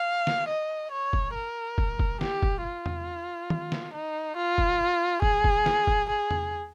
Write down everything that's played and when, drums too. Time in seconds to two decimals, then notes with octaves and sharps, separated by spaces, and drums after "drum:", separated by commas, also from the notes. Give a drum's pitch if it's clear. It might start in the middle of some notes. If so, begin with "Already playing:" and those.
Already playing: F5
0.27 drum: snare
0.48 D#5
0.91 C#5
1.13 drum: kick
1.35 A#4
1.78 drum: kick
1.99 drum: kick
2.21 G4, drum: snare
2.43 drum: kick
2.64 F4
2.86 drum: tom E2
3.50 drum: tom D#3
3.72 drum: snare
3.93 D#4
4.36 F4
4.58 drum: kick
5.22 G#4, drum: kick
5.44 drum: kick
5.66 drum: snare
5.87 drum: kick
6.09 G#4
6.31 drum: tom E2